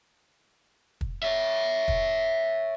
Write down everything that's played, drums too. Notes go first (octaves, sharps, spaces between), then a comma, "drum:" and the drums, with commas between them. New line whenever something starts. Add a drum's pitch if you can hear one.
drum: kick
C#5 E5
drum: kick